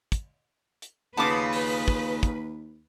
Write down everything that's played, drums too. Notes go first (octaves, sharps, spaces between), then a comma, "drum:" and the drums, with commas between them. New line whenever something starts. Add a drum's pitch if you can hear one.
drum: kick, hi-hat
drum: hi-hat
D#2 C#3 B3 F4 B4 A5 D6
drum: open hi-hat
drum: kick
drum: kick, hi-hat